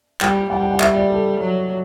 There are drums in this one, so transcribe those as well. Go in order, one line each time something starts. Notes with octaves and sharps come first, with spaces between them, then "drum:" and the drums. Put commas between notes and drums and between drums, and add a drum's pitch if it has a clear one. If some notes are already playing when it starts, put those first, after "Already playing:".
G3 G5, drum: clap
G3 F#5
G5
F#5
E5, drum: clap
D5
A4
F#3